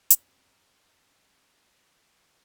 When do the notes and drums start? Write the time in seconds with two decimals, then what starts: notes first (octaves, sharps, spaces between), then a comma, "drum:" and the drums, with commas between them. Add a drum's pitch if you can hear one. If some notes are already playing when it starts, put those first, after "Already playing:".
0.10 G#1 F#2, drum: hi-hat